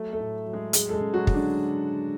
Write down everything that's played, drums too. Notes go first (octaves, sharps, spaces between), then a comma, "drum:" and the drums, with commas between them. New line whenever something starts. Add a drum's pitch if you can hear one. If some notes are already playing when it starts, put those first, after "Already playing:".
Already playing: F#3 A3 A4
A3 A4
A2
F#3
G#3 G#4
F#3 G#3 G#4, drum: hi-hat
A4
G#3 G#4
C#3
F#3 F#4
F#3, drum: kick
D3 D4